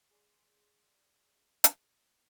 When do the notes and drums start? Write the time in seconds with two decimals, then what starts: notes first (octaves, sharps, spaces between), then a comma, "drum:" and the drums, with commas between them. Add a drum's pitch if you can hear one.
0.11 G#4 D5 C6
1.64 drum: hi-hat